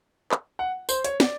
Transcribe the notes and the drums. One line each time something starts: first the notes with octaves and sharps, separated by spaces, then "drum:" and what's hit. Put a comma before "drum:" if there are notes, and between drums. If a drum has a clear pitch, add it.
drum: clap
F#5
C5, drum: tambourine
C#5, drum: hi-hat
D5, drum: snare